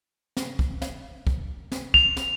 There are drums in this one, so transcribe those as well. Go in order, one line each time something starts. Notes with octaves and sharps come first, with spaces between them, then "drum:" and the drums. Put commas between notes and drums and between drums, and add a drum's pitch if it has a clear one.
drum: snare
drum: kick
drum: snare
drum: kick
drum: snare
F7, drum: kick
drum: snare